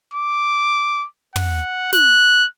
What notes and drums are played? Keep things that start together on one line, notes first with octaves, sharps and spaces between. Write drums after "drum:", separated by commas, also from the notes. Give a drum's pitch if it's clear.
D6
F#5, drum: tom
F#6, drum: snare